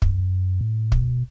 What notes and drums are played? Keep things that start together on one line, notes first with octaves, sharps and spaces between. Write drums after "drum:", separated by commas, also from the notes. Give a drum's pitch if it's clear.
F#2, drum: kick
A2
B2, drum: kick